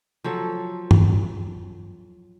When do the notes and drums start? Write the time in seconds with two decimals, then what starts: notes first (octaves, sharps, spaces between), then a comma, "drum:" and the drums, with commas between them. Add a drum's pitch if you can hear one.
0.24 F3 F#3 A4
0.91 drum: tom